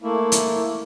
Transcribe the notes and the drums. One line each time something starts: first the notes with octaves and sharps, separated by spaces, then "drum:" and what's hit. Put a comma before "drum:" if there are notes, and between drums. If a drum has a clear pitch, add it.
A3 A#3 E4
drum: hi-hat